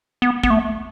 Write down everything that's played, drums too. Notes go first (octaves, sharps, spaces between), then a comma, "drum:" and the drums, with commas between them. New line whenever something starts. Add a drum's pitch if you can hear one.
B3
B3, drum: kick
A3